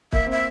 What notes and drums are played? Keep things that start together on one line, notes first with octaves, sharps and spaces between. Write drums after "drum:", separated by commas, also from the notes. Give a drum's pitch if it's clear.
A#3 E5, drum: kick
C4
E5